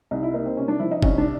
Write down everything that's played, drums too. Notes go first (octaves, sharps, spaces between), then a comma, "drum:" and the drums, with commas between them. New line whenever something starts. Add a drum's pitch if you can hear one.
C2 D#4
E4
A#3 D#4
C4
C3 C#4
D4
F3 E4
D#4
C2 C#4, drum: kick F#1
D4